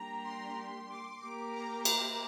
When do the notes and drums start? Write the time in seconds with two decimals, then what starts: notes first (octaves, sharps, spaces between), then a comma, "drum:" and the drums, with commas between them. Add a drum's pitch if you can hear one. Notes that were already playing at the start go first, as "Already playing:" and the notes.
Already playing: G3 A#3 D4 G4 A#5
0.24 C6
0.89 D6
1.22 A#3 G4 A#4 D6
1.54 A#5
1.85 drum: cymbal